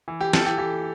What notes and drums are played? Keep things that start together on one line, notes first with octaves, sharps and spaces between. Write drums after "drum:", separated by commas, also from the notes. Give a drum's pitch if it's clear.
E3
G4
E3 A4, drum: snare
G4
E3 G4